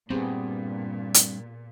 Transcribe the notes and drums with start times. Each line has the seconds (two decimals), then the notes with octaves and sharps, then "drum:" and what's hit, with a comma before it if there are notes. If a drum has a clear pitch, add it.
0.10 G2 A#2 B3 C4 G4 G#4
1.14 drum: hi-hat